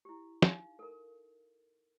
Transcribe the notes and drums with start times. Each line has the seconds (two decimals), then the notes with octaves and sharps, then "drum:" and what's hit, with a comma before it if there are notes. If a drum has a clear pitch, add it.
0.05 E4 G4
0.42 D#4 F5, drum: snare
0.79 A4 A#4